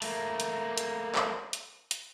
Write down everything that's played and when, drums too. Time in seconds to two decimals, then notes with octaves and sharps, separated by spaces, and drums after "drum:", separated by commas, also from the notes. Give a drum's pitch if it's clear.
0.02 A3 A#3, drum: open hi-hat
0.40 drum: hi-hat
0.78 drum: hi-hat
1.15 drum: clap
1.53 drum: hi-hat
1.91 drum: hi-hat